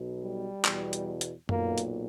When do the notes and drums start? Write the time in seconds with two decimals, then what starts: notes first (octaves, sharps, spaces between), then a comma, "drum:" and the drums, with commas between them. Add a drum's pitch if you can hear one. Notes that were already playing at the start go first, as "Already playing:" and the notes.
Already playing: B1 B2
0.23 G3
0.65 E2 B2, drum: clap
0.93 drum: hi-hat
1.21 drum: hi-hat
1.49 B1 A#2 A#3, drum: tom F#2
1.78 drum: hi-hat